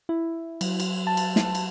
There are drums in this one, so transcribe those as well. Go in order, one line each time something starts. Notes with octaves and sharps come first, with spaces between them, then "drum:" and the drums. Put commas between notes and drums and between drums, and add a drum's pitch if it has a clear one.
E4
F#3, drum: cymbal
drum: cymbal
A5
drum: cymbal
drum: snare
drum: cymbal